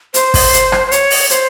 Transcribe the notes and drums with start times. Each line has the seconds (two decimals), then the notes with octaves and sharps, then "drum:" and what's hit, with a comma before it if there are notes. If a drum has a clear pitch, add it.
0.14 C5, drum: hi-hat
0.34 drum: kick, open hi-hat
0.53 drum: hi-hat
0.72 drum: rim click
0.87 C5
0.92 C#5, drum: hi-hat
1.10 drum: open hi-hat
1.30 C5, drum: hi-hat